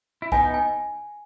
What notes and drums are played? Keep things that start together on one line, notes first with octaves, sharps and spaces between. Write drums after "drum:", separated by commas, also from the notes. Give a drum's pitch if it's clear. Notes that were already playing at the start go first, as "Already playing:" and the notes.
E4
B3 D#4 G#5, drum: kick
G#5